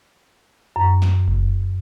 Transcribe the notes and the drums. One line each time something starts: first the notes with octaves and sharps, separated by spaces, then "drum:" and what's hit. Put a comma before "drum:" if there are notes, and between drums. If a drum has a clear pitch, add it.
F#2
drum: snare
drum: kick F1